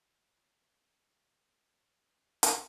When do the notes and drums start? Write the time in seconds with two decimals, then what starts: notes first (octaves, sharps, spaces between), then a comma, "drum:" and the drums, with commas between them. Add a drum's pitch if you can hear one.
0.02 E3 F#5
1.69 E4 G#4
2.43 drum: hi-hat